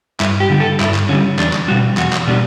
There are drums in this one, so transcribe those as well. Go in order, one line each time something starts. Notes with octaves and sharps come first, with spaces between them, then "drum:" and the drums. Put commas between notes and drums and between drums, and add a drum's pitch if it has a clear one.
G2 E4, drum: clap
G4
D3 G3
A4
G2 E4, drum: clap
drum: clap
D3 G3 C#4
E2 D4, drum: clap
drum: clap
B2 G3 F#4
E2 F#4, drum: clap
drum: clap
B2 G3 D4